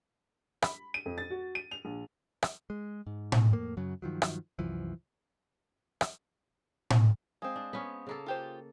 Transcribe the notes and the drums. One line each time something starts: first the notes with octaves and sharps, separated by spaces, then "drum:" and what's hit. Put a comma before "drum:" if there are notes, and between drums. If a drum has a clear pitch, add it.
B5, drum: rim click
D#7
F2
A6
F#4
D#7
F7
A#1
drum: rim click
G#3
G#2
drum: tom A2
F2 A2 A#3
F#2 C#3 F#3
G2 D#3 F3 F#3
drum: rim click
C2 F#2 E3 F3
drum: rim click
drum: tom A2
G#3 C4 F5 G#5 D#6
D4
B3 C#4
C#3 A#3 A4
F4 G4 C5